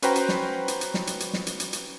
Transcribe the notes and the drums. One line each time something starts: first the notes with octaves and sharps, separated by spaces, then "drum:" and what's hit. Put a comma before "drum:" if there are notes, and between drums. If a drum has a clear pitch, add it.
C#4 F#4 B4 C5 G5 A#5, drum: hi-hat
drum: hi-hat
drum: snare
drum: hi-hat
drum: hi-hat
drum: snare
drum: hi-hat
drum: hi-hat
drum: snare
drum: hi-hat
drum: hi-hat
drum: hi-hat